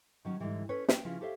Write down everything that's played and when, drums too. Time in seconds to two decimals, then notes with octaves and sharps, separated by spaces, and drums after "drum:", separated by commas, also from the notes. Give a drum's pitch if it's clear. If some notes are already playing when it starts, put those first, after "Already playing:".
0.25 D#3 F#3 C#4
0.40 G#2 B2 D3 E3 G3
0.69 C#4 A4 B4 C#5
0.88 G5, drum: snare
1.05 C#3 F3 C#4 E4 F4 G#4
1.21 G4 A4 C5 C#5 E5 F5